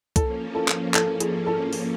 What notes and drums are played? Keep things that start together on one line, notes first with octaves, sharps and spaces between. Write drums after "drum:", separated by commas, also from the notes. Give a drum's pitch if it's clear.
F3 A#3 C#4 A4, drum: kick C2, hi-hat
A4
drum: clap
A4, drum: clap
G#4, drum: hi-hat
A4
drum: open hi-hat